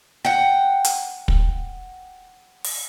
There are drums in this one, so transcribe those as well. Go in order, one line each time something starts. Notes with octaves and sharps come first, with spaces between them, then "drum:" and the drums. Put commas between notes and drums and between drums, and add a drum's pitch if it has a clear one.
F#5 G5
drum: hi-hat
drum: kick
drum: open hi-hat